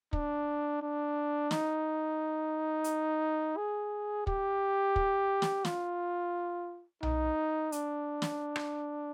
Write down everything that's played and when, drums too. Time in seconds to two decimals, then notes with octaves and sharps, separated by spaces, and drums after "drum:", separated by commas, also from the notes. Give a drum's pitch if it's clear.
0.13 D4, drum: kick
0.82 D4
1.51 D#4, drum: snare
2.84 drum: hi-hat
3.57 G#4
4.27 G4, drum: kick
4.96 drum: kick
5.42 drum: snare
5.65 F4, drum: snare
7.03 D#4, drum: tom B1
7.72 D4, drum: hi-hat
8.22 drum: snare
8.56 drum: rim click